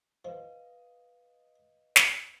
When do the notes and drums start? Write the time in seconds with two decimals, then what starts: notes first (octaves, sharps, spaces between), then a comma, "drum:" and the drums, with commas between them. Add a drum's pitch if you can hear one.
0.25 F3 B4 D#5 F5
1.96 drum: snare